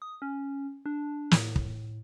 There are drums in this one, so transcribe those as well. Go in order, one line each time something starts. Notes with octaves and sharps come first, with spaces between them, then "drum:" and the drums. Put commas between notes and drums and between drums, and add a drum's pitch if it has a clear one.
D#6
C#4
D4
A2, drum: snare
drum: kick